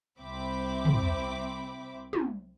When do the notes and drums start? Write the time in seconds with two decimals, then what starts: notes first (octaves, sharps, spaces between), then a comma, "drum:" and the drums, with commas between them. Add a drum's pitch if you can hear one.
0.18 C2 C4 E5 B5 D6
0.85 drum: tom
2.13 drum: tom